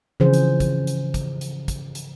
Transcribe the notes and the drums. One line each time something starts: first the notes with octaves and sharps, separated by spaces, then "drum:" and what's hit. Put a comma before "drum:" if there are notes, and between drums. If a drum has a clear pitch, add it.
C#3 E3 F3 G#4 C5
drum: hi-hat
drum: kick, hi-hat
drum: hi-hat
drum: kick, hi-hat
drum: hi-hat
drum: kick, hi-hat
drum: hi-hat